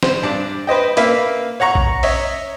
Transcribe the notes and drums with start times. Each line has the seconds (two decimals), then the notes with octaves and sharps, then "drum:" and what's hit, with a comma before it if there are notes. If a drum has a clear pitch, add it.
0.03 C5, drum: snare
0.23 G2 D4
0.67 B4 C5 D#5 G5
0.97 A#3 B4 E5 F5, drum: hi-hat
1.60 C#5 F#5 A#5 C#6
1.75 drum: kick A#1
2.03 C#5 D#5 E5, drum: open hi-hat